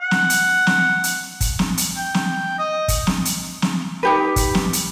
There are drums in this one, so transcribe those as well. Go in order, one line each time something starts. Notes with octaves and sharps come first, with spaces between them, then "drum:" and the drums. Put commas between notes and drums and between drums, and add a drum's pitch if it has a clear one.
F#5
drum: snare
drum: hi-hat
drum: snare
drum: hi-hat
drum: kick, hi-hat
drum: snare
drum: hi-hat
G5
drum: snare
D#5
drum: kick, hi-hat
drum: snare
drum: hi-hat
drum: snare
D#4 G4 B4
drum: kick, hi-hat
drum: snare
drum: hi-hat